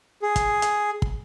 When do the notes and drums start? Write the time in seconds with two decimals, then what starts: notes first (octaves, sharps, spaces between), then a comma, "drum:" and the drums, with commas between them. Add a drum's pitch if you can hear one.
0.22 G#4
0.36 drum: kick, hi-hat
0.62 drum: hi-hat
1.02 drum: kick